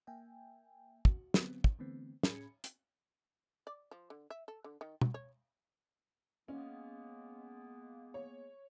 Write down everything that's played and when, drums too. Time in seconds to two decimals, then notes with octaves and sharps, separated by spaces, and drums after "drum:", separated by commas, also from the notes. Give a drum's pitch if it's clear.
0.07 A#3 E5 G5 G#5
1.05 F#4, drum: kick
1.34 D3 F#3 B3 C4, drum: snare
1.64 drum: kick
1.79 D3 E3 A3 B3 C4
2.23 A2 C#4 G#4 B5 G#6 C#7, drum: snare
2.64 drum: hi-hat
3.67 D5
3.91 F3
4.10 D3
4.30 E5
4.48 A4
4.64 D3
4.81 D#3
5.01 F#3, drum: tom
5.14 C#5
6.48 G#3 A#3 B3 C#4
8.14 C#5